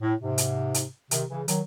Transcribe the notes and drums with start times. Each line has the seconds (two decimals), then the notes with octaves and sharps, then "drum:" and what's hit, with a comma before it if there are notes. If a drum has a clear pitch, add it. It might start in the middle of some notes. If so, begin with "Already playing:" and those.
0.01 A2
0.19 G#2 C3
0.38 drum: hi-hat
0.74 drum: hi-hat
1.11 C3 D#3, drum: hi-hat
1.30 C#3 E3
1.48 D#3 F#3, drum: hi-hat